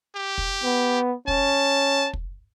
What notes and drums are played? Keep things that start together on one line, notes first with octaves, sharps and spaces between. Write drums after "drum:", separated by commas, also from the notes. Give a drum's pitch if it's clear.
G4
drum: kick
B3
C#4 A5, drum: kick
drum: kick